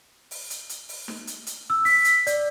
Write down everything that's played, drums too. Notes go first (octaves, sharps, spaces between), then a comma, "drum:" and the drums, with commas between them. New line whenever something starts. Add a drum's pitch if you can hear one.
drum: open hi-hat
drum: hi-hat
drum: hi-hat
drum: open hi-hat
drum: snare
drum: hi-hat
drum: hi-hat
E6
B6, drum: open hi-hat
drum: hi-hat
D5, drum: hi-hat